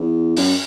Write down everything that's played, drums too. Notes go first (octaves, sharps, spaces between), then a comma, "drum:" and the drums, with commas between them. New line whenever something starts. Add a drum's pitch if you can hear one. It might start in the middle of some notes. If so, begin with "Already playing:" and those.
Already playing: E2
F#2, drum: open hi-hat